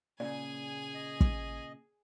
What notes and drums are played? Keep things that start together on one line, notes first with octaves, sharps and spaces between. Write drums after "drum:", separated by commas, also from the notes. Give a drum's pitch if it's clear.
A#2 C#3 G#4 D5 G#5
D#5
drum: kick